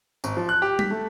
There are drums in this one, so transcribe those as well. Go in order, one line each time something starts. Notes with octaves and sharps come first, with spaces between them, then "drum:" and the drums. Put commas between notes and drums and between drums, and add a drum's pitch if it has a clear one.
G#1, drum: tambourine
F3
F#6
G4
B6, drum: tom G3
A3